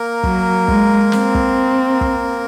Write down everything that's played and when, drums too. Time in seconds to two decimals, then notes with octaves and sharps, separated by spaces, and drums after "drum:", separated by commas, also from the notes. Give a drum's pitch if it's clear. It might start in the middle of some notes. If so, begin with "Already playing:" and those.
Already playing: A#3 A#4
0.24 F#3, drum: kick
0.68 G#3, drum: kick
1.12 C4, drum: snare
1.35 drum: kick
2.01 drum: kick